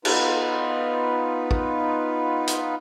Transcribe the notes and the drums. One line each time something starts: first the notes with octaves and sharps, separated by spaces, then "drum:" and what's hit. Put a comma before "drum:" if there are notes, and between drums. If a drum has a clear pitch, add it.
B3 D#4 F4 B4, drum: cymbal
drum: kick
drum: hi-hat